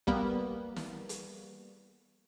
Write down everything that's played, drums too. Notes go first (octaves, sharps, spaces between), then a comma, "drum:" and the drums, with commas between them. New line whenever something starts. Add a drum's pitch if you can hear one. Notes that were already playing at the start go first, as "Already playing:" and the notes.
G3 A#3 B3, drum: kick
drum: snare
drum: hi-hat